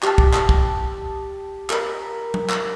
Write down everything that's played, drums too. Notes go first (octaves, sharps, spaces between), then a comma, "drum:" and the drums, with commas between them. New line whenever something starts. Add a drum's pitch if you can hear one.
G4 A5, drum: clap
drum: kick
drum: clap
drum: kick
A#4 B5, drum: clap
drum: tom F#3
drum: clap